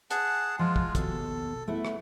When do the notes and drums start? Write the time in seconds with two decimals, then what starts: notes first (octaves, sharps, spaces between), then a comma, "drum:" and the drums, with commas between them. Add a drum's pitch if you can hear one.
0.11 G#4 F#5 A5, drum: hi-hat
0.59 F3 G#3 F4
0.76 drum: kick
0.95 D#2 B2 A4, drum: kick, hi-hat
1.68 A3 B3 E4
1.85 drum: rim click